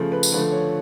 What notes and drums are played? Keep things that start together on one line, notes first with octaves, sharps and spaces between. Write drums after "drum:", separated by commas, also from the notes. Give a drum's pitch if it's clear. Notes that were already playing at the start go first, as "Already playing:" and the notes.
Already playing: C#3 F3 A3
B4
drum: tambourine
D3 F3 A3 B4
C#5